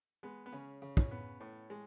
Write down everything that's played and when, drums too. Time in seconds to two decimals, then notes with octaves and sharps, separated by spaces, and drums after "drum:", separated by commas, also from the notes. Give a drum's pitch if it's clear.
0.23 G#3 B3
0.46 B3
0.52 C#3 C#4
0.82 C#3
0.97 C#4, drum: kick
1.11 B3
1.40 A2
1.70 G#3